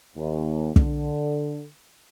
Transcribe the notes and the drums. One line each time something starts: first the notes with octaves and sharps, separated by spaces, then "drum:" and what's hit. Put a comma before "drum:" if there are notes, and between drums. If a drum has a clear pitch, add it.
D#2
D3, drum: kick